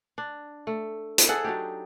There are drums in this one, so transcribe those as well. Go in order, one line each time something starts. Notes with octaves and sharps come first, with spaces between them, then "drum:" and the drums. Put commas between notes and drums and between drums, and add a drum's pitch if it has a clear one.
D4
A3
drum: hi-hat
G#4 A4 E5 F#5
F#3 D4 D#4 G4